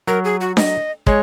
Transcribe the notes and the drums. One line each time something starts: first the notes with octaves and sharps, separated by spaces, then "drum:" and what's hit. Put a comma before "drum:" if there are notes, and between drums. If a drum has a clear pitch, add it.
F#3 A#4
G#4
F#4
D#5, drum: snare D4
G#3 C#5, drum: kick